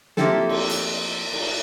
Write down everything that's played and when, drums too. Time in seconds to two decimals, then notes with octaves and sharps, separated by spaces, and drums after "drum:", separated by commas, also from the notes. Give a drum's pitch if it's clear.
0.17 F3 A#3 C4 E4 G4 A4, drum: snare
0.49 drum: cymbal
0.69 drum: hi-hat
1.33 drum: cymbal